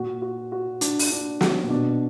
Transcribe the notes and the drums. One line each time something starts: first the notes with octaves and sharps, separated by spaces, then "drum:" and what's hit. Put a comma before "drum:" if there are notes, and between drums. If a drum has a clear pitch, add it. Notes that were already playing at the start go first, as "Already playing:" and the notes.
Already playing: A#2 F#4
F#4
F#4
D4, drum: hi-hat
drum: open hi-hat
D4
F#4, drum: snare
A#2
B2 D4